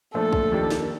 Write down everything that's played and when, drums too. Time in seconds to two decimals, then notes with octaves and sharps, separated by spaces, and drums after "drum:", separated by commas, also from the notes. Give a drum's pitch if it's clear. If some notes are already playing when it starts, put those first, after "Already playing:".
0.14 A#2 F3 A3 D4 A4
0.33 drum: kick
0.51 F2 D#3 A#3 D4 G4
0.70 drum: snare